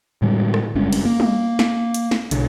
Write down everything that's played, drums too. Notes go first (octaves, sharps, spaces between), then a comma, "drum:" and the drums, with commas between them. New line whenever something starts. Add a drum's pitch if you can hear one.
A2 D3 G3 G#3
drum: rim click
F#1 G2 G#3 C#4
drum: cymbal
A#3
drum: tom G3
drum: snare
drum: hi-hat
drum: snare
B1 D3, drum: hi-hat